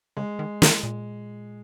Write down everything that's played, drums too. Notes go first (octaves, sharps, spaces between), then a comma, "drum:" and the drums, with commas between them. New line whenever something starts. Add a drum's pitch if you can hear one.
C#3 G#3
D#3
D#3, drum: snare
A#2